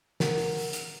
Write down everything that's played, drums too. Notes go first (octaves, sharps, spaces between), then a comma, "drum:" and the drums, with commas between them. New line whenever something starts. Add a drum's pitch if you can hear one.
A#4 F#5, drum: snare
drum: open hi-hat
drum: open hi-hat
drum: hi-hat